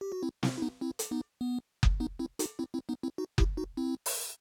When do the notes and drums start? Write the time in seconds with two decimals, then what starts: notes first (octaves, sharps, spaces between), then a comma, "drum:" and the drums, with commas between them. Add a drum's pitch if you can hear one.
0.01 G4
0.12 F#4
0.23 C4 E4
0.43 C4 E4, drum: snare
0.58 E4
0.62 B3 D#4
0.81 C4 E4
0.99 drum: hi-hat
1.11 B3 D#4
1.41 B3
1.83 drum: kick F#1
2.00 B3 D#4
2.19 C4 E4
2.39 D#4 F#4, drum: hi-hat
2.59 C4 E4
2.74 C4 E4
2.89 B3 D#4
3.03 C4 E4
3.18 D#4 F#4
3.38 E4 G4, drum: kick F#1
3.57 D#4 F#4
3.77 C4 E4
4.06 drum: open hi-hat